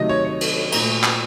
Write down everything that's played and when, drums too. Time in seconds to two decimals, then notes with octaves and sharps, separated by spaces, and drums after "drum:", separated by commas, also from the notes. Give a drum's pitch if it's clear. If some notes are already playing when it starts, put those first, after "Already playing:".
Already playing: C3 D#3 F#3 A3 D#5
0.09 C#5
0.25 C#5
0.41 drum: cymbal
0.72 A#2 A3 A#5, drum: cymbal
1.03 drum: clap